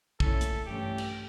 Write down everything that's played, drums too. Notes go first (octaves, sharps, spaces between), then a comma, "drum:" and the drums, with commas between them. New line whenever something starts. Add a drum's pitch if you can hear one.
A#2 A3 C#4 E4 A4, drum: kick
drum: hi-hat
G2 E3 A3 C#4 G4
drum: cymbal